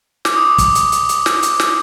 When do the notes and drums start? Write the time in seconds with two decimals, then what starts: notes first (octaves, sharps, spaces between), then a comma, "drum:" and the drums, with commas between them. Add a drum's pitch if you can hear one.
0.25 D6, drum: snare
0.37 D#6
0.47 D6
0.58 drum: kick, hi-hat
0.75 drum: hi-hat
0.92 drum: hi-hat
1.09 drum: hi-hat
1.26 drum: snare
1.43 drum: hi-hat
1.60 drum: snare